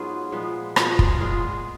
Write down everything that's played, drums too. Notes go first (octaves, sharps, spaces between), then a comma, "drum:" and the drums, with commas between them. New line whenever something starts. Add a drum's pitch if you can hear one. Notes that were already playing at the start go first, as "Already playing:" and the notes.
Already playing: G#2 F#3 B3 F4 G#4
A#2 F3 G#3 B3
A#2 F3 G#3 B3 F#4 A#4, drum: rim click
F4 G#4, drum: kick
A#2 G#3 B3 F4 G#4